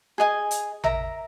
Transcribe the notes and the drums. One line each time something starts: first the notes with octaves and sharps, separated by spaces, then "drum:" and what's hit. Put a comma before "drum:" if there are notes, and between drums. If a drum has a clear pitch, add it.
G#4 D#5 G#5
drum: hi-hat
A#4 E5 A#5, drum: tom A1